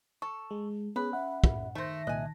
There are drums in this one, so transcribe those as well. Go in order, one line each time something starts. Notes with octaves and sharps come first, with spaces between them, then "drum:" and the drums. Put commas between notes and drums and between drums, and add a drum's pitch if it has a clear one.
A4 C#6
G#3
B3 C#4 G#4 B4
E5 F#5
drum: kick
D#3 A3 C5 E5 A5 A#6
C2 A#2 D#5 G#5 F#6